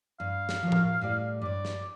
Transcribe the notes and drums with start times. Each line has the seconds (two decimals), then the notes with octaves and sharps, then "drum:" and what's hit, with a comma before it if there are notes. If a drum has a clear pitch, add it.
0.20 G2 F5
0.49 drum: snare
0.63 F3 A#4 C#5
0.72 drum: tom A2
1.01 A2 G3 D5
1.42 G2 C#5 D5
1.65 drum: snare